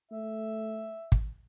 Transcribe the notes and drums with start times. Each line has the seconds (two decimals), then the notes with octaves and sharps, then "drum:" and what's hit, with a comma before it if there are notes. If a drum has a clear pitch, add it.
0.11 A3 E5
1.12 drum: kick